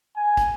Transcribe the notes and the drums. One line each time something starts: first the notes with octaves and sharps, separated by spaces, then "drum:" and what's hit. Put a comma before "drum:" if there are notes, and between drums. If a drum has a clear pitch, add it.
G#5
drum: kick, hi-hat